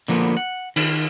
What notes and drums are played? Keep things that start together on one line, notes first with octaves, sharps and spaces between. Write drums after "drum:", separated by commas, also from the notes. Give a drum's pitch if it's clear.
D3 F3 A#3 B3
F#5
D#3, drum: cymbal